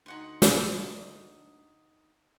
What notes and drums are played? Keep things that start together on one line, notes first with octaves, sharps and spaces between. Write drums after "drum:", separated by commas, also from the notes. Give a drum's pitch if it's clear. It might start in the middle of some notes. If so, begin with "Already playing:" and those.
D2 D#4 F#5 C6
drum: snare